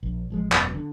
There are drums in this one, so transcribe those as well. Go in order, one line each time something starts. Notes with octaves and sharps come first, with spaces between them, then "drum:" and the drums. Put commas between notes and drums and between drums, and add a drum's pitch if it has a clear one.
A#1
A1 F3 G#3
E1 F#2 B3, drum: clap
D3